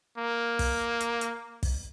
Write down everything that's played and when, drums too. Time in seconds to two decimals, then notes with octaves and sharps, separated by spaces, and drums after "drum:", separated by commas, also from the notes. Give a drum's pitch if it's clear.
0.18 A#3
0.59 drum: kick, open hi-hat
1.01 drum: hi-hat
1.21 drum: hi-hat
1.63 drum: kick, open hi-hat